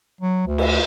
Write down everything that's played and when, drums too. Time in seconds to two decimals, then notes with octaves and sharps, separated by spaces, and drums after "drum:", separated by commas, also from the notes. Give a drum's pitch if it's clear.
0.21 F#3
0.47 D2
0.58 drum: cymbal